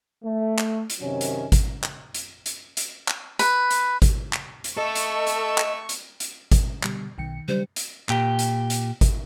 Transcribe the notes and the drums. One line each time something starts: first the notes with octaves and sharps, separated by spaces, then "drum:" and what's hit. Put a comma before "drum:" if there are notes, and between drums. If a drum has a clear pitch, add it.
A3
drum: clap
drum: hi-hat
F#2 C3 D#3 F#3 C#4
drum: hi-hat
drum: kick G#1, hi-hat
drum: clap
drum: hi-hat
drum: hi-hat
drum: hi-hat
drum: clap
B4, drum: hi-hat
drum: hi-hat
drum: kick G#1, hi-hat
drum: clap
drum: hi-hat
A3 A4 D#5 C#6 E6
drum: hi-hat
drum: hi-hat
drum: clap
drum: hi-hat
drum: hi-hat
drum: kick G#1, hi-hat
B2 D3 G3, drum: clap
B1 D#3 G5 C#7
C#3 F#3 G3 D4 C5
drum: hi-hat
A#2 G4, drum: clap
drum: hi-hat
drum: hi-hat
drum: kick G#1, hi-hat